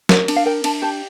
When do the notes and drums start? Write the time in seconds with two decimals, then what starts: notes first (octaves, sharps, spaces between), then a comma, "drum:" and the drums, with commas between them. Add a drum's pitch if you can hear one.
0.09 A#4 D5, drum: snare
0.28 D4, drum: cymbal
0.36 F5
0.46 A#4 G5
0.64 D4 A5, drum: cymbal
0.82 G4 A5